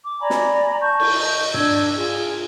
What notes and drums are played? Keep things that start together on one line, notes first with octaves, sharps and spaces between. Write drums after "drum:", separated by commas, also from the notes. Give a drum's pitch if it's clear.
D6
D5 G#5 A#5 B5
drum: snare
A5 C#6 G6
drum: cymbal
D#5
D4 E6 G#6, drum: tom
F4 G#4